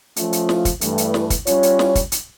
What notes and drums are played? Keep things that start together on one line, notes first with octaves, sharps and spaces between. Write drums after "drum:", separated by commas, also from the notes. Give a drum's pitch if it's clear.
F3 A3 C#4 F4, drum: hi-hat
drum: hi-hat
drum: snare
drum: kick, hi-hat
G2 E3 A3, drum: hi-hat
drum: hi-hat
drum: snare
drum: kick, hi-hat
G3 C#4 F4 C#5, drum: hi-hat
drum: hi-hat
drum: snare
drum: kick, hi-hat
drum: hi-hat